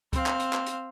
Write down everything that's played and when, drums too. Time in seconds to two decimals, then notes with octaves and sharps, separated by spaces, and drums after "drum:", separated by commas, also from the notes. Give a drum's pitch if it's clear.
0.13 C4 F5, drum: kick C#2, hi-hat
0.26 drum: clap
0.40 drum: hi-hat
0.53 drum: clap
0.66 drum: hi-hat